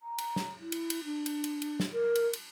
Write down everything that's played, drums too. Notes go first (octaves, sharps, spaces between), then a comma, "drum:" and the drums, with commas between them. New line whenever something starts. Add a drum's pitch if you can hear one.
A#5
drum: cymbal
drum: snare
E4
drum: cymbal
drum: cymbal
D4
drum: cymbal
drum: cymbal
drum: cymbal
drum: snare
A#4
drum: cymbal
drum: cymbal